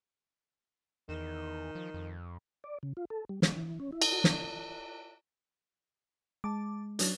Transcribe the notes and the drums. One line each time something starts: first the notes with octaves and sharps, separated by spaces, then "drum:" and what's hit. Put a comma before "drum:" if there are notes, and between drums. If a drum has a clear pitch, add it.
E2 D#3
F3
F2
D5
C#3
F4
A4
G3
G#3, drum: snare
E3
C#4
E4
drum: cymbal
F#4
D4, drum: snare
G#3 A5 D6
F#3 C#4 D4, drum: hi-hat